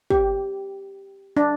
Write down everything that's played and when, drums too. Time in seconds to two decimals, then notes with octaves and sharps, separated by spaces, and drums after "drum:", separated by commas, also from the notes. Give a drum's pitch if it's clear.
0.10 G4, drum: kick
1.37 D4